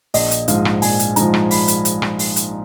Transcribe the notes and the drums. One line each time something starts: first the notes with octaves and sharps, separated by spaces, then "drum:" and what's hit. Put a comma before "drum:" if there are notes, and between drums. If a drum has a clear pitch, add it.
A#1 D#5, drum: open hi-hat
drum: hi-hat
G#2 F3 F5, drum: hi-hat
drum: rim click
A#1 G#5, drum: open hi-hat
drum: hi-hat
G#2 F3 A#5, drum: hi-hat
drum: rim click
B5, drum: open hi-hat
drum: hi-hat
drum: hi-hat
drum: rim click
drum: open hi-hat
drum: hi-hat